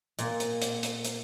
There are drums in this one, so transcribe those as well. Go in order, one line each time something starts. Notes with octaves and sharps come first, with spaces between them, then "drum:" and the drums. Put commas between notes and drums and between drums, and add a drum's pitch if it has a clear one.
A#2, drum: hi-hat
drum: hi-hat
drum: hi-hat
drum: hi-hat
drum: hi-hat